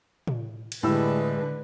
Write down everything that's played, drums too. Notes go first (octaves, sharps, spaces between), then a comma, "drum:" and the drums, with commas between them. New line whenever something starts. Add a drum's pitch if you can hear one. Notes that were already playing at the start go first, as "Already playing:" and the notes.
drum: tom
drum: cymbal
A2 D3 G#3 G4 B4 E6